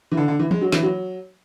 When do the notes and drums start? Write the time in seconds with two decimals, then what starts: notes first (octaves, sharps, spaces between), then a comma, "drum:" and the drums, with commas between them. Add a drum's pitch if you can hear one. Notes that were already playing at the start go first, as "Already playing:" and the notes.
0.11 E3
0.17 D3
0.28 D3
0.39 E3
0.51 G#3, drum: tom E3
0.61 F#3
0.72 E3, drum: snare
0.83 F#3